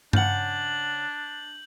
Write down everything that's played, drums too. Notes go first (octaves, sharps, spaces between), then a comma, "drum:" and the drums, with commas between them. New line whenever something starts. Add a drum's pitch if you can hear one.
C#3 D4 F#5 G6 F#7, drum: tom G2